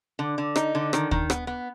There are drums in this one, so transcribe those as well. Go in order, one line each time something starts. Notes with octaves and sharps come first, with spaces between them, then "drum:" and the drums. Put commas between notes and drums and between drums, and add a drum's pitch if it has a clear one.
D3
D3
D#4, drum: rim click
D3
D#3, drum: rim click
D#3, drum: kick
B3, drum: rim click
B3